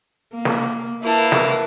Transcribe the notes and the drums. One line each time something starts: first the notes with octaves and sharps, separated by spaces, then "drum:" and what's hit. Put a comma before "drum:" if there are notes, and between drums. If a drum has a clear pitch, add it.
A#3
drum: snare
A#3 E4 B4 A5
drum: snare